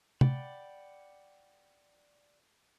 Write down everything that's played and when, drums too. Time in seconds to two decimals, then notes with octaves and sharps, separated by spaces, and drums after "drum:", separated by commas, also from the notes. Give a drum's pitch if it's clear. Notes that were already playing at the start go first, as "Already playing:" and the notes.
0.21 D5 F#5 G5 B5, drum: tom C3